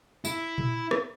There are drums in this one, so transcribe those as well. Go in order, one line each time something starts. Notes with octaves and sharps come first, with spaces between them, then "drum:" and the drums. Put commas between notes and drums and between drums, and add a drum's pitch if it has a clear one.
E4, drum: tambourine
drum: tom A#2
drum: rim click